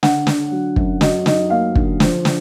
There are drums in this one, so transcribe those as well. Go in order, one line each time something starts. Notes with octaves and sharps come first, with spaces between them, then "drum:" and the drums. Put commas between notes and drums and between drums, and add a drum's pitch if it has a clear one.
D3 F#5, drum: snare
D4, drum: snare
F#3
F#2, drum: kick
F#3 D#5, drum: snare
D#4 D#5, drum: snare
A#3 F5
D3, drum: kick
F3, drum: snare
drum: snare